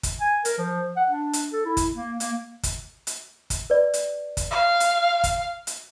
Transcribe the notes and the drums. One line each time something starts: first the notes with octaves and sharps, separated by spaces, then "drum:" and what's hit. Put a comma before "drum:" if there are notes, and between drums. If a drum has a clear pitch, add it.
drum: kick, hi-hat
G#5
A#4, drum: hi-hat
F3
F#5
D4
drum: hi-hat
A4
E4
drum: kick, hi-hat
A#3
A#3, drum: hi-hat
drum: kick, hi-hat
drum: hi-hat
drum: kick, hi-hat
B4 D5
drum: hi-hat
drum: kick, hi-hat
F5
drum: hi-hat
drum: kick, hi-hat
drum: hi-hat